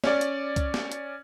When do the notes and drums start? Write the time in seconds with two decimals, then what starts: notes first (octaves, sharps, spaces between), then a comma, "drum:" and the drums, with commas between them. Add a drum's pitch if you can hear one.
0.04 C#4 D5, drum: snare
0.21 drum: hi-hat
0.56 drum: kick C2, hi-hat
0.74 drum: snare
0.92 drum: hi-hat